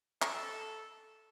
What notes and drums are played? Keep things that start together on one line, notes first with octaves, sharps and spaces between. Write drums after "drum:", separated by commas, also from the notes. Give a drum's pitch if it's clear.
A4, drum: clap